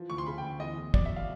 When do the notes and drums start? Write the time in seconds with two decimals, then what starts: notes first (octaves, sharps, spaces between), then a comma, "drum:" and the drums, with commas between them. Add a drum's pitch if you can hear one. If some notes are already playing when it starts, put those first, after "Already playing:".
Already playing: E3 F3
0.10 D2 C#6
0.18 C6
0.26 C#3 B5
0.38 G5
0.43 D2
0.60 E2 D#5
0.78 E2
0.94 F#3 D5, drum: kick
1.05 E5
1.16 F5